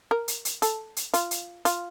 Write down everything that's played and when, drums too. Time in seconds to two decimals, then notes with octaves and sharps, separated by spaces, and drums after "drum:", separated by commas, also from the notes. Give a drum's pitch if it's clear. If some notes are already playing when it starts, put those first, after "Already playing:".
0.11 A#4
0.28 drum: hi-hat
0.45 drum: hi-hat
0.62 A4, drum: hi-hat
0.96 drum: hi-hat
1.14 F4, drum: hi-hat
1.31 drum: hi-hat
1.65 F4, drum: hi-hat